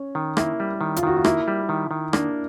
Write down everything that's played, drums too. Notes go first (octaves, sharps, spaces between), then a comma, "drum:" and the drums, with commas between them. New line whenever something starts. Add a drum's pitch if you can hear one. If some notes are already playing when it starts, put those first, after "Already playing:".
Already playing: C#4
D#3
A#3 E4, drum: rim click
G3
D#3
F4, drum: hi-hat
D#3 F#4
F4
A#3 E4, drum: rim click
G3
D#3
D#3
A#3 D4, drum: rim click